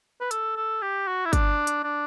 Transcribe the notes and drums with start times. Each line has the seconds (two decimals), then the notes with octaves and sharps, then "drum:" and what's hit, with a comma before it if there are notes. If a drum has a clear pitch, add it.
0.21 B4
0.31 A4, drum: hi-hat
0.56 A4
0.82 G4
1.08 F#4
1.25 E4
1.33 D4, drum: kick, hi-hat
1.67 drum: hi-hat
1.84 D4